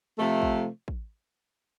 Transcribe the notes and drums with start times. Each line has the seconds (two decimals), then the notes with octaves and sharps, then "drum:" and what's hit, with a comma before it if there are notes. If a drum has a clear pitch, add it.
0.19 C3 F3 A3
0.42 drum: kick
0.88 drum: kick